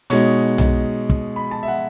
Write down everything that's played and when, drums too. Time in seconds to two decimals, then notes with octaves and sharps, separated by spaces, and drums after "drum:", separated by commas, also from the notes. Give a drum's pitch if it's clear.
0.10 B2 G#3 D#4 C#5, drum: hi-hat
0.58 drum: tom B1
1.10 drum: kick
1.36 B5
1.51 A5
1.63 E5
1.68 F#5